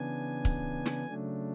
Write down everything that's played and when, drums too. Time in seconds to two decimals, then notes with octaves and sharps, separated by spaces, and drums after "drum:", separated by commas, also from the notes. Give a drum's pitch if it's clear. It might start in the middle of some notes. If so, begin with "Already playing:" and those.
Already playing: C#3 E3 B3 D4 G#5
0.45 drum: kick C#1
0.86 drum: snare
1.06 C#3 F#3 A3 D4